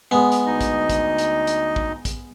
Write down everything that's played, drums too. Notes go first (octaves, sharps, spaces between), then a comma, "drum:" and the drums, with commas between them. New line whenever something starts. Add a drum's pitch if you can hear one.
G#3 B3
drum: hi-hat
D2 D#4 D#5
drum: kick, hi-hat
drum: kick, hi-hat
drum: hi-hat
drum: hi-hat
drum: kick
drum: kick, hi-hat